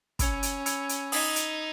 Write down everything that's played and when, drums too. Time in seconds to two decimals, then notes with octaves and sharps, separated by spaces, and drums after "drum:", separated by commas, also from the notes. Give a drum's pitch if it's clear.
0.19 C#4 B5 E6 G#6 C#7 F7, drum: kick, hi-hat
0.43 drum: hi-hat
0.66 B5 E6 G#6 C#7 F7, drum: hi-hat
0.89 drum: hi-hat
1.12 D#4 D#6 G#6 B6 E7 G7, drum: open hi-hat
1.36 drum: hi-hat